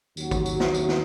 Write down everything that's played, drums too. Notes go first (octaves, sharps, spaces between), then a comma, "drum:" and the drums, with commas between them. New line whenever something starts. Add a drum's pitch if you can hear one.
D#2 D#3 F#3 C#4 F#4, drum: tambourine
drum: kick A1, tambourine
drum: tambourine
drum: snare
drum: tambourine
drum: snare